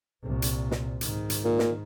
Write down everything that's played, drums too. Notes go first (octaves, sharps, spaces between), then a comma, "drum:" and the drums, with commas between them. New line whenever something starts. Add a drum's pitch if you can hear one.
C2 A#2
drum: hi-hat
drum: snare
G#2 D#3, drum: hi-hat
drum: hi-hat
A#2
drum: snare